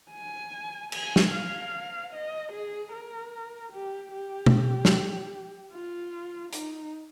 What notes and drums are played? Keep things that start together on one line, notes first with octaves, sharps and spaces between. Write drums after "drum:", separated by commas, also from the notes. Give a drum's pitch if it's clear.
G#5
G#5, drum: cymbal
drum: snare
F5
D#5
G#4
A#4
G4
G4
drum: tom
drum: snare
F4
D#4, drum: hi-hat